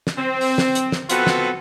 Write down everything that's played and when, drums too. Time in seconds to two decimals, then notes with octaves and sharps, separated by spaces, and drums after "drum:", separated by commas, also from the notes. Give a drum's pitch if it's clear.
0.07 drum: snare
0.18 C4
0.41 drum: open hi-hat
0.58 drum: snare
0.75 drum: hi-hat
0.92 drum: snare
1.10 B3 C4 F4 F#4 A4 B4, drum: hi-hat
1.27 drum: snare